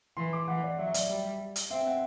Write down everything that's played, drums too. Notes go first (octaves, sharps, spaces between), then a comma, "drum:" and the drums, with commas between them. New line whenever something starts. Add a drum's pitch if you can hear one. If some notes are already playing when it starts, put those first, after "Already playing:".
E3 C6
D6
E3 F#5
D5
F#3 E5
D5, drum: hi-hat
G3
drum: hi-hat
C4 E5
F#5